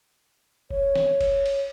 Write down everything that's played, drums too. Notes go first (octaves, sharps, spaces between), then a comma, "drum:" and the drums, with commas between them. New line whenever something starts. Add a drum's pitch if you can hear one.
C#5, drum: kick F#1
drum: snare
drum: kick F#1, cymbal
drum: cymbal